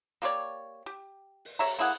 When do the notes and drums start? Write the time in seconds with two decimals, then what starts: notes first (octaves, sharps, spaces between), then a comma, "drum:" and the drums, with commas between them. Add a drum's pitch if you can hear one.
0.22 A#3 G4 C#5 D5
0.86 G4
1.45 drum: open hi-hat
1.59 C#5 E5 A#5, drum: cymbal
1.79 A#3 E4 G#4 F#5